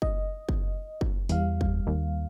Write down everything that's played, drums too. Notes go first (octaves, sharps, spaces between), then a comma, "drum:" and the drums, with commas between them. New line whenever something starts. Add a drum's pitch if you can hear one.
D#5, drum: kick F#1
drum: kick F#1
drum: kick F#1
E2 G3 F5, drum: hi-hat
drum: kick F#1
D#2